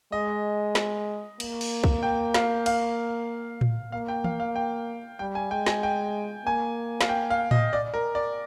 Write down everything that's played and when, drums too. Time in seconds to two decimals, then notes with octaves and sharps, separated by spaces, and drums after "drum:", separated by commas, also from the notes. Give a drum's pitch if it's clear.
0.12 G#3 D#5
0.75 drum: snare
1.40 A#3, drum: cymbal
1.61 drum: cymbal
1.84 drum: kick
2.03 G5
2.34 F5, drum: snare
2.66 F5, drum: cymbal
3.61 drum: tom A2
3.92 A#3 F5
4.08 G5
4.24 F5, drum: tom E3
4.40 F5
4.56 G5
5.19 G3 G5
5.35 G#5
5.51 G#3 G5
5.66 G#5, drum: snare
5.83 G5
6.46 A#3 G#5
7.01 F5, drum: snare
7.09 G5
7.30 F5
7.51 D#5, drum: tom A2
7.73 D5
7.94 A#4
8.15 D5